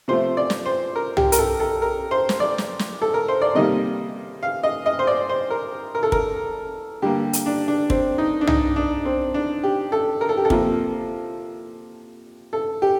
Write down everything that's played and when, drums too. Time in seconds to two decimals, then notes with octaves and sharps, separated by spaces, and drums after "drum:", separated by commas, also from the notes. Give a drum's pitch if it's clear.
0.08 C3 F3 A3 C5
0.37 D5
0.50 drum: snare
0.66 C5
0.95 A#4
1.17 G4, drum: tom C2
1.32 A#4, drum: hi-hat
1.38 A4
1.60 A4
1.82 A#4
2.11 C5
2.29 drum: snare
2.40 D5
2.58 drum: snare
2.79 drum: snare
3.02 A4
3.14 A#4
3.28 C5
3.42 D5
3.55 C3 D#3 G3 A#3 D#5
4.43 F5
4.63 D#5
4.86 D#5
4.99 C5
5.07 D5
5.29 C5
5.50 A#4
5.95 A#4
6.03 A4
6.12 A#4, drum: kick
7.02 D3 G3 A#3 G4
7.33 drum: hi-hat
7.46 D4
7.68 D4
7.90 C4, drum: kick
8.18 D#4
8.41 D4
8.47 D#4, drum: tom C2
8.76 D4
9.05 C4
9.34 D4
9.64 G4
9.92 A4
10.21 A#4
10.29 A4
10.37 G4
10.45 A4
10.50 C3 F3 A#3, drum: kick
12.53 A4
12.82 G4